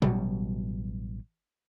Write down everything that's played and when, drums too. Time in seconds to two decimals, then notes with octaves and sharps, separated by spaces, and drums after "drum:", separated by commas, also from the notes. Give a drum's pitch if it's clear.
0.02 A1 B2 F#3 G3, drum: tom